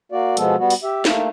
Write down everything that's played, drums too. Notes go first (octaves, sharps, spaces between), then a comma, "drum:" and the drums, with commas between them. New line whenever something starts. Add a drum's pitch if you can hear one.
A#3 F#4 D5
B2 F3 G#3 B3 A4, drum: hi-hat
G3 B3 F#4
drum: open hi-hat
G4 E5
A3 A#3, drum: snare